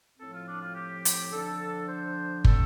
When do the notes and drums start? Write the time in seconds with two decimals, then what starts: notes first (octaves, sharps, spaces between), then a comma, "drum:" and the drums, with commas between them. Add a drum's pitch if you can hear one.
0.19 A2 F3 C4 A4
0.32 F4
0.47 D4
0.61 F4
0.74 G4
1.05 drum: hi-hat
1.32 D3 F3 D4 A4
1.88 C5
2.44 D3 A3 C4 A4, drum: kick